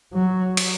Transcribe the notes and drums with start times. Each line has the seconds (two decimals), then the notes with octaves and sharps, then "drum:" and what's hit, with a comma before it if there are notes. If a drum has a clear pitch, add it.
0.14 F#3
0.57 drum: cymbal